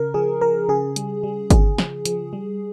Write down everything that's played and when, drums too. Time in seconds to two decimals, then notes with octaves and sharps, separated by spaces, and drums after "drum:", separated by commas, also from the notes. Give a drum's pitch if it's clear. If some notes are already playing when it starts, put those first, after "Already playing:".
Already playing: C#3 A#4
0.14 F3 G#4
0.41 F3 A#4
0.69 C#3 G#4
0.96 G3, drum: hi-hat
1.23 G3
1.50 C#3 G#4, drum: kick G1, hi-hat
1.78 F3, drum: snare
2.05 F3, drum: hi-hat
2.33 G3